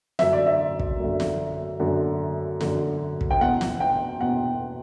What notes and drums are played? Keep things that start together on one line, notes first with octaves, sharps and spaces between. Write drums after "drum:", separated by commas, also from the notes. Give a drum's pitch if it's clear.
F#2 D3 E5, drum: snare
D5
E5
drum: kick
F#2 D3
drum: snare
F#2 D3
F#2 D3, drum: snare
drum: kick
G5
E2 B2 F#5
drum: snare
G5
E2 B2 F#5